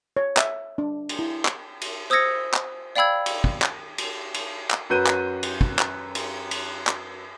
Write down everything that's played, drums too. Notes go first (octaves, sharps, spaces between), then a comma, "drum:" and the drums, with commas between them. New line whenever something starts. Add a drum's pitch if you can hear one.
C#5
E5, drum: clap
D4
drum: cymbal
E4
drum: clap
drum: cymbal
C5 D#6 E6 G#6 A#6 C#7
drum: clap
D5 F5 G5 B5 E6 G#6
drum: cymbal
drum: kick
drum: clap
drum: cymbal
drum: cymbal
drum: clap
F#2 F#4 B4 G6 D#7
drum: clap
drum: cymbal
drum: kick
drum: clap
drum: cymbal
drum: cymbal
drum: clap